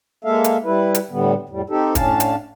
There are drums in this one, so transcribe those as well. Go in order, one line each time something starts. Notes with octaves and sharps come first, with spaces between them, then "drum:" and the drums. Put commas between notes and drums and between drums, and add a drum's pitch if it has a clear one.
G#3 A#3 A4 E5 F5
drum: hi-hat
G3 E4 B4
drum: hi-hat
A2 D3 G3 B3
F2 A2 G3
C4 D#4 G4 A4
A2 C#4 D4 F5 A5, drum: kick, hi-hat
drum: hi-hat